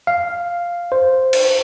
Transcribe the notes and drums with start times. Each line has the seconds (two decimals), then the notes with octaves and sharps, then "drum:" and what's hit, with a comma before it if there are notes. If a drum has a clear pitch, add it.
0.07 F5
0.92 C5
1.33 drum: cymbal